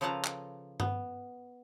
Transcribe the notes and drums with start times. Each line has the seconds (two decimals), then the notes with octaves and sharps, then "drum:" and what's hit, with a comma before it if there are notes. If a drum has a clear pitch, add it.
0.01 C#3 F3 A4 B4 A5 A#5
0.24 drum: clap
0.80 B3, drum: tom G2